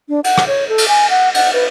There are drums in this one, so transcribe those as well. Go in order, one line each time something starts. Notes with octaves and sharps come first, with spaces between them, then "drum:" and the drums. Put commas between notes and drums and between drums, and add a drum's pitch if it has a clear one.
D4
F#5, drum: cymbal
drum: rim click
C#5
A4
drum: cymbal
G#5
F#5
F#5, drum: cymbal
B4